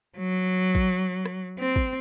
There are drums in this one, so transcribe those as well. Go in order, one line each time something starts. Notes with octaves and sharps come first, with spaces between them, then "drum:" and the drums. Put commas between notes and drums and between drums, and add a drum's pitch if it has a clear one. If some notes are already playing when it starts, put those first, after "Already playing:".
F#3
drum: kick
drum: rim click
C4
drum: kick